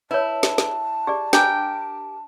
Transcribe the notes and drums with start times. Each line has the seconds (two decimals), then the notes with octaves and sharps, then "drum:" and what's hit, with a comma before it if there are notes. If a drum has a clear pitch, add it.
0.11 E4 B4 C#5 A5
0.43 drum: snare
0.58 drum: snare
1.07 G4 G#4 D5
1.33 D4 G4 A#4 G5 D6, drum: snare